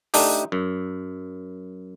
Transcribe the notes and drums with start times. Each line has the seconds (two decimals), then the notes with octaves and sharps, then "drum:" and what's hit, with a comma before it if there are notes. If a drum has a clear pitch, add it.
0.14 A3 D4 D#4 G4, drum: open hi-hat
0.52 F#2